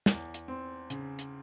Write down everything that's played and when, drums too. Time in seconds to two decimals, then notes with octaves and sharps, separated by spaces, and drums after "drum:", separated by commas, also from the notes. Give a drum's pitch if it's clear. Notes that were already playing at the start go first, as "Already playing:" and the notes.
0.06 E2, drum: snare
0.34 drum: hi-hat
0.48 C4
0.90 C#3, drum: hi-hat
1.19 drum: hi-hat